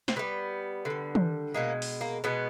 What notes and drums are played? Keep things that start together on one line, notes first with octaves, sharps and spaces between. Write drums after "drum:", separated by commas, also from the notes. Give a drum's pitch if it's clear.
C4, drum: snare
D3 G3 B3
D3 G3
drum: tom
B2 G#3 A#3
drum: open hi-hat
A#3
B2 G#3 B3